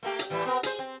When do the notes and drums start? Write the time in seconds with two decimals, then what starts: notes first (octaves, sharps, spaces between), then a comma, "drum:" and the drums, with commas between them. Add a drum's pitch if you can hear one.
0.03 A3 A#3 G4
0.19 drum: hi-hat
0.30 A2 E3 G3
0.45 B3 C4 A#4
0.63 G#4 C5, drum: hi-hat
0.79 C4